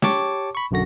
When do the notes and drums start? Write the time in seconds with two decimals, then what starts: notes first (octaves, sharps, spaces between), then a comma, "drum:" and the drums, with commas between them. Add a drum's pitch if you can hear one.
0.02 G4 C#5 A5 C#6 D6, drum: snare
0.55 B5 C#6
0.71 B1 F#2 D3 F#4 A#6